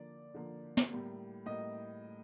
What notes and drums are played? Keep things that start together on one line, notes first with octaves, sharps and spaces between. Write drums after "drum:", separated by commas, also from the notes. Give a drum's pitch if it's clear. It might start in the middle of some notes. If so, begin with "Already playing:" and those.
Already playing: D3 F3 A#3 D5
D3 F3 A#3
drum: snare
A2 G3 A#3
A2 G3 A#3 D#5